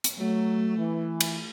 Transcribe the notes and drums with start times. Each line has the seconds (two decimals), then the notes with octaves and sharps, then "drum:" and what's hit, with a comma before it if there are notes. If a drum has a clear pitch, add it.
0.04 drum: hi-hat
0.17 F#3 A3
0.77 E3
1.21 drum: cymbal